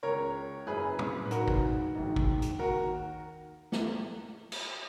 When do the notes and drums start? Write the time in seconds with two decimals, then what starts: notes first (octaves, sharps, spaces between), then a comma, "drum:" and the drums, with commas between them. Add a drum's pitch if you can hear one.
0.03 C#2 C#3 A#4 C#5
0.67 F#1 F#2 C#3 G#4 B4
0.99 drum: tom
1.25 B4
1.31 G#1 G#2 D#3 F#4 A#4, drum: hi-hat
1.48 drum: kick
1.95 A#1 G#2 D#3
2.16 drum: kick
2.42 drum: hi-hat
2.59 D#2 D#3 F#4 A#4
3.72 drum: snare
4.52 drum: cymbal